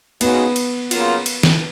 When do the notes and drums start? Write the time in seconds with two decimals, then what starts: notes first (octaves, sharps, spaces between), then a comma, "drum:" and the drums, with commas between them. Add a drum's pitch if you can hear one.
0.21 C#3 G#3 B3 D#4 F#4, drum: cymbal
0.56 drum: cymbal
0.91 C#3 F#3 A#3 F4, drum: cymbal
1.26 drum: cymbal
1.43 drum: snare